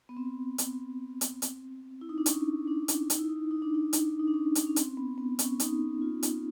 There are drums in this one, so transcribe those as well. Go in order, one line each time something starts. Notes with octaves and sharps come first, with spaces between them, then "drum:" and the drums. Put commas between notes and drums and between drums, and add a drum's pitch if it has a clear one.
B3
C4
drum: hi-hat
drum: hi-hat
drum: hi-hat
E4
D#4
D4
C#4, drum: hi-hat
D4
drum: hi-hat
D#4, drum: hi-hat
E4
D#4
D#4
D4
D#4
drum: hi-hat
D#4
D4
C#4
drum: hi-hat
C#4
C4, drum: hi-hat
B3
B3
C#4, drum: hi-hat
D#4, drum: hi-hat
F4
drum: hi-hat